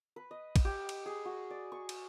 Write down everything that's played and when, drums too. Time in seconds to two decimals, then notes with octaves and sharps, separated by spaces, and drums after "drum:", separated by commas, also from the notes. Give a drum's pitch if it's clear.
0.16 B4
0.31 D#5
0.56 drum: kick, cymbal
0.65 G4
0.89 drum: cymbal
1.06 G#4
1.25 F#4
1.50 D5
1.72 C#6
1.89 drum: cymbal